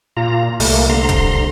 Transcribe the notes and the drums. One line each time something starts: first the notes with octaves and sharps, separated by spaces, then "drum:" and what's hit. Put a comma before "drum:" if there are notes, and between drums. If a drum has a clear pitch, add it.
A#2 F4 A#5
C2 A3 A#3, drum: open hi-hat
D3 A#5 C6
drum: kick D1, hi-hat